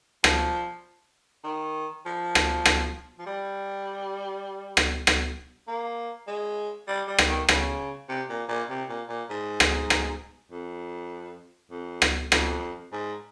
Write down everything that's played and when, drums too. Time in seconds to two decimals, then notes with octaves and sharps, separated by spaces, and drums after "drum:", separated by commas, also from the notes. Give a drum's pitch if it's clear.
0.24 F3, drum: rim click
1.44 D#3
2.06 F3
2.35 drum: rim click
2.65 drum: rim click
3.19 F3
3.26 G3
4.77 drum: rim click
5.07 drum: rim click
5.68 A#3
6.28 G#3
6.88 G3
7.08 G3
7.18 drum: rim click
7.29 D#3
7.49 C#3, drum: rim click
8.09 C3
8.30 A#2
8.49 A#2
8.70 C3
8.89 A#2
9.09 A#2
9.30 G#2
9.60 drum: rim click
9.90 drum: rim click
10.51 F2
11.71 F2
12.02 drum: rim click
12.32 F2, drum: rim click
12.93 G#2